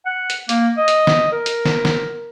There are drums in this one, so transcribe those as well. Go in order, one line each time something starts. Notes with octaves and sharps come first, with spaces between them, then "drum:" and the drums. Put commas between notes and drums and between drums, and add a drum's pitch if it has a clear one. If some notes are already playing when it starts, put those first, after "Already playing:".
F#5
drum: hi-hat
A#3, drum: hi-hat
D#5
drum: hi-hat
drum: snare
A#4
drum: hi-hat
drum: snare
drum: snare